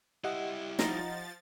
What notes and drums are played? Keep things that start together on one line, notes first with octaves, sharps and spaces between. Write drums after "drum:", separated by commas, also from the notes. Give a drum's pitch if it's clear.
G3 E4 G4 D#5 F#5
F3 D#4 A6, drum: snare